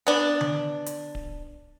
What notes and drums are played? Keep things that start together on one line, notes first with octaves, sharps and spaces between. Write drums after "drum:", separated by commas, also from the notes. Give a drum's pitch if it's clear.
B3 D4
drum: tom D3
drum: hi-hat
drum: kick D1